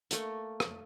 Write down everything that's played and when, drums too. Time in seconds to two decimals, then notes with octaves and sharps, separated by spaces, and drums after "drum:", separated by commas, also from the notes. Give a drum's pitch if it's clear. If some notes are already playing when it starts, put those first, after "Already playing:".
0.11 A3 A#3 C#6, drum: hi-hat
0.60 drum: rim click